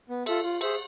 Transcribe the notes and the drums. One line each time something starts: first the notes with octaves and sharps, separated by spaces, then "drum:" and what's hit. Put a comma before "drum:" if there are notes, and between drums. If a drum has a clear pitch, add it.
B3
F4 A4 E5, drum: cymbal
F4
G#4 C5 E5, drum: cymbal